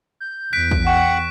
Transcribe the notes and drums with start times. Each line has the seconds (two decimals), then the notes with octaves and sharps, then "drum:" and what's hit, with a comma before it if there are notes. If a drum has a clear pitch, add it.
0.20 G6
0.53 E2 F#6 B6 D7
0.71 drum: kick
0.87 F#5 G5 C#6